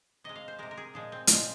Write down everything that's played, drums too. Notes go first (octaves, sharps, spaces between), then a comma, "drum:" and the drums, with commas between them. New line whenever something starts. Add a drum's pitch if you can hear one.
C3 G#3 D#5
F5
C5
C3 G#3 A#4
A#4
G#4
A#2 F3 G#3 G#4
C4
A#2 F3 G#3 F4, drum: hi-hat